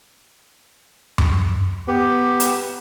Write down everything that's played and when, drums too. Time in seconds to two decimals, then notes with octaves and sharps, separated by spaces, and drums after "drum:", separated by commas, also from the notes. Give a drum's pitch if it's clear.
1.18 drum: tom F#2
1.88 B3 G4
2.40 drum: hi-hat